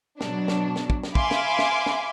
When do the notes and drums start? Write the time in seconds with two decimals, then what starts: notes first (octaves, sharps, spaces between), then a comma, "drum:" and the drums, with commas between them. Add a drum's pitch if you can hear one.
0.21 B2 F#3 D4, drum: snare
0.48 drum: snare
0.76 drum: snare
0.90 drum: kick
1.03 drum: snare
1.15 E5 F5 G#5 B5 C6 D6, drum: kick
1.31 drum: snare
1.59 drum: snare
1.86 drum: snare